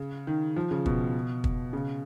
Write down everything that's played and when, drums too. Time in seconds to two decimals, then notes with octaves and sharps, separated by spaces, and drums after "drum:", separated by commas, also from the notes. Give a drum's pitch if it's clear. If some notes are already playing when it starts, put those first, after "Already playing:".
Already playing: C#3
0.27 D#3
0.56 F3
0.71 C#3
0.86 B2, drum: kick
1.44 drum: kick
1.73 C#3